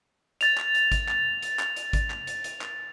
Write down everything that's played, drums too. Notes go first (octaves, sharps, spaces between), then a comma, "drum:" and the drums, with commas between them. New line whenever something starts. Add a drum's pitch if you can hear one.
A6 F7, drum: hi-hat
drum: clap
drum: hi-hat
drum: kick G#1, hi-hat
drum: clap
drum: hi-hat
drum: clap
drum: hi-hat
drum: kick G#1, hi-hat
drum: clap
drum: hi-hat
drum: hi-hat
drum: clap